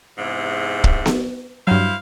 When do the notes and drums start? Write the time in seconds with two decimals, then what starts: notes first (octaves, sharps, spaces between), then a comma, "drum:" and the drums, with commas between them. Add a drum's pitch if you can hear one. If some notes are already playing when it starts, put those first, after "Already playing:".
0.19 E2 G#2 C3
0.84 drum: kick
1.06 drum: snare B3
1.67 G2 F#3 E4 C5 F5